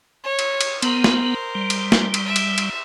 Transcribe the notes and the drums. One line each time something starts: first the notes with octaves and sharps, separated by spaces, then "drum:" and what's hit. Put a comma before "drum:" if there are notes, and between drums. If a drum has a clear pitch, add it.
C#5
drum: cymbal
drum: cymbal
B3 A#4 C5, drum: cymbal
drum: snare
G3
drum: cymbal
drum: snare
drum: cymbal
E5
drum: cymbal
drum: cymbal